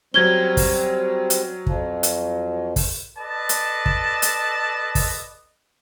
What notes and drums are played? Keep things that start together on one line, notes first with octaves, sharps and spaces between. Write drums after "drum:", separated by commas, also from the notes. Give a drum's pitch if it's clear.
F#3 G3 C4 C#4 G#6 G7
drum: kick, open hi-hat
drum: hi-hat
F2 F3, drum: kick
drum: hi-hat
drum: kick, open hi-hat
A4 B4 D5 D#5 A5
drum: hi-hat
drum: kick
drum: hi-hat
drum: kick, open hi-hat